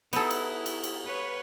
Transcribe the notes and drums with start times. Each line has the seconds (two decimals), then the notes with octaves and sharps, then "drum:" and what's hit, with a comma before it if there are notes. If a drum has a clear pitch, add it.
0.13 B3 D#4 E4 F#4 G#4 A4, drum: cymbal
0.30 drum: cymbal
0.66 drum: cymbal
0.84 drum: cymbal
1.05 B4 C#5